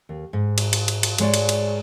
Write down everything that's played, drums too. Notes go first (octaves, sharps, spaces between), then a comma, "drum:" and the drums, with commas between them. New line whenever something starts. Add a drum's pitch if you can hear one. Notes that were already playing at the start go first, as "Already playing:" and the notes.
D#2
G#2
drum: cymbal
drum: cymbal
drum: cymbal
drum: cymbal
G#2 G#3 C#5 D5, drum: cymbal
drum: cymbal
drum: cymbal